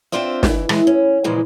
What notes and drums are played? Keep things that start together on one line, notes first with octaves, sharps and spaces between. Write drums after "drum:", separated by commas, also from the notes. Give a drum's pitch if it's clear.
C4 D4 F4 C5 D5 E5
E3, drum: snare
E3 G#3, drum: rim click
C#4
A#2 C#3 E3 F3 G#3